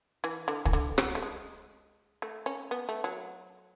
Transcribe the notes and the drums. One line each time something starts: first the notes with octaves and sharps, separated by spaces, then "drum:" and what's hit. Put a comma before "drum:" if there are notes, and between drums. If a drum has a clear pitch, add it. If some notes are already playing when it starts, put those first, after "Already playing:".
E3
D3
E3, drum: kick
D3
F#3, drum: rim click
A3
G#3
A3
C#4
B3
A3
F#3